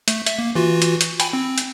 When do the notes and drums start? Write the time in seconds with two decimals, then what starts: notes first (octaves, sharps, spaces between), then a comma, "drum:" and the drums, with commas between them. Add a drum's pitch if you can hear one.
0.08 A3, drum: hi-hat
0.26 E5, drum: hi-hat
0.39 A#3
0.55 E3 F4 F#4
0.82 drum: hi-hat
1.01 drum: hi-hat
1.20 G5 G#5 B5, drum: hi-hat
1.33 C4
1.58 drum: hi-hat